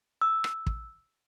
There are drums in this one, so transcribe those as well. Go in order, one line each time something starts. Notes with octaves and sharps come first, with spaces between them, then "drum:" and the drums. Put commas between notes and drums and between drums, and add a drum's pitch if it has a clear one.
E6
drum: rim click
drum: kick